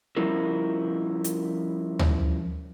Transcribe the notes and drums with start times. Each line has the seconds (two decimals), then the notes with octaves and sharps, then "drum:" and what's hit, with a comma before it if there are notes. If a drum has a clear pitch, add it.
0.17 F3 G3 C#4 E4 A#4
1.24 drum: hi-hat
1.99 drum: tom